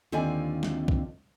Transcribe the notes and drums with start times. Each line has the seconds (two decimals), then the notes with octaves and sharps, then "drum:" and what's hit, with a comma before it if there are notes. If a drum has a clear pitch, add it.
0.12 D#2 D3 C4 F4 D5 G#5
0.63 drum: snare
0.88 drum: kick B1